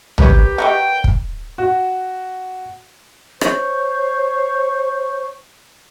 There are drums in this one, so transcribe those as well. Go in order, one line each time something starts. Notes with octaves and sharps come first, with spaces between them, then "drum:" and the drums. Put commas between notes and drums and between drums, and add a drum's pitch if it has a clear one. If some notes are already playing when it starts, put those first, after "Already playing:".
G4 A#4 B4 C#5, drum: tom A#1
D#3 D#4 F#4 G5
drum: kick
F#4
C5 C#5 C#6 G6, drum: rim click